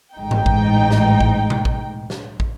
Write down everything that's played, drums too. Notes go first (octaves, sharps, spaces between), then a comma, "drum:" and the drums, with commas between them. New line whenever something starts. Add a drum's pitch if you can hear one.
A1 G#2 D#4 G5
drum: tom G2
drum: kick
drum: snare
drum: kick
drum: tom B2
drum: kick
drum: snare
drum: kick